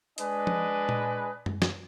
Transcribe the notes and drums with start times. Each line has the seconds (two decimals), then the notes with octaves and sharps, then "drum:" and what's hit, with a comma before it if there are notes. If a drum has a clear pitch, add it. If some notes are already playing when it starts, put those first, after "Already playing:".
0.18 G#3 D4 B4 D#5 G#5, drum: hi-hat
0.47 drum: tom F3
0.89 drum: tom A#2
1.46 drum: tom F#2
1.62 drum: snare